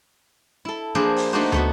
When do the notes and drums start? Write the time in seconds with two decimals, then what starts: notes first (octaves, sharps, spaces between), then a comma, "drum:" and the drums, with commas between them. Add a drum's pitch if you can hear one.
0.65 E4 A4
0.95 F3 A#3 D4 G#4 C5
1.16 drum: open hi-hat
1.33 A3 A#3 D4 D#4 F#4 C5
1.52 A3 B3 F#4, drum: tom